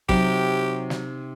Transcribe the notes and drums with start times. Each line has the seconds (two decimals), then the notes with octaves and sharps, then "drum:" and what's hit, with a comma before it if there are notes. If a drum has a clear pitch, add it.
0.09 C3 F#3 D#4 G4, drum: kick
0.90 drum: snare